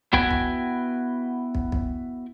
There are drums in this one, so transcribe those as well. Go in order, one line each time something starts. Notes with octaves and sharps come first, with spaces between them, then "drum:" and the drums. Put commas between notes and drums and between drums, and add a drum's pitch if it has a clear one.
B3 E4 F#4 B4 G5 G#5, drum: kick
drum: kick
drum: kick
drum: kick